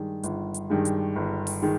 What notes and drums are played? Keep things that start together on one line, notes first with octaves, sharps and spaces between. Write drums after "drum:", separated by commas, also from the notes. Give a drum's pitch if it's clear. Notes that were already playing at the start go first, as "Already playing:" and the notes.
Already playing: G2 D#3 G#3
G1, drum: hi-hat
drum: hi-hat
G2 D#3 G#3
drum: hi-hat
G1
drum: open hi-hat
D#3 G#3